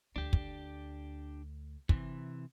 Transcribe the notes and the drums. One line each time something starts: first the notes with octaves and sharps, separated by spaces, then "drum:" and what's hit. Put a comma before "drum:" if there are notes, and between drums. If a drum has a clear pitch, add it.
D2 D4 G4
drum: kick
C3 E3, drum: kick